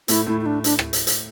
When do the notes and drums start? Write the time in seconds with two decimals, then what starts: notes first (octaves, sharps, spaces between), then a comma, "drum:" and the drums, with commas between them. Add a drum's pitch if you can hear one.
0.08 A2 A3 E4, drum: hi-hat
0.27 A2 A3 E4
0.41 E4
0.46 D4
0.64 D4, drum: hi-hat
0.79 drum: rim click
0.93 drum: hi-hat
1.07 drum: hi-hat